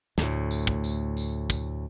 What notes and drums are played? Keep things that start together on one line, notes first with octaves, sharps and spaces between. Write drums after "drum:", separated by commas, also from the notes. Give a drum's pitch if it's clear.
D2 A2, drum: snare
drum: tambourine
drum: kick
drum: tambourine
drum: tambourine
drum: kick, tambourine